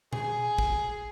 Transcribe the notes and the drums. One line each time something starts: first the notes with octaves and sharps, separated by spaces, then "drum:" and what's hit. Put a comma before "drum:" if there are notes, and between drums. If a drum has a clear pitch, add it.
G#4, drum: tom A#2
drum: kick